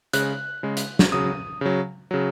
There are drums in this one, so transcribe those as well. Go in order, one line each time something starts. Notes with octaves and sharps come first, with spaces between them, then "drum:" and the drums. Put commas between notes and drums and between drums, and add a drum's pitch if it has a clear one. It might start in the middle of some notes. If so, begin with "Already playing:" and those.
C#3 G#3 F#6, drum: hi-hat
C#3 G#3
drum: hi-hat
drum: snare
C#3 F#3 D#6
C#3 F#3
C#3 F#3